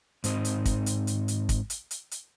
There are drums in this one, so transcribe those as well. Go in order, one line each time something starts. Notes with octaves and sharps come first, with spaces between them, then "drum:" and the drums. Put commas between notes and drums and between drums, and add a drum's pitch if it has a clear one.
G#2 C4 D#4, drum: hi-hat
drum: hi-hat
drum: kick, hi-hat
drum: hi-hat
drum: hi-hat
drum: hi-hat
drum: kick, hi-hat
drum: hi-hat
drum: hi-hat
drum: hi-hat